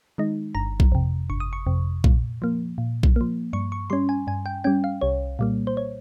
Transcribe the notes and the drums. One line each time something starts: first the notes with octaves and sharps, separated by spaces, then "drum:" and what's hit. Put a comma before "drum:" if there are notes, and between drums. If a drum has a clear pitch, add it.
D#3 G#3 D#4
G1 A#5
drum: kick A#1
F2 C3
G1 C#6
D#6
C#6
F2 C3
A#2, drum: kick A#1
F3 A#3
A#2
drum: kick A#1
F3 A#3
G2 C#6
C#6
G3 C#4 C6
G#5
G2 G#5
G5
G3 C#4 G5
F5
C2 C#5
A#2 G3 A#3
C5
C#5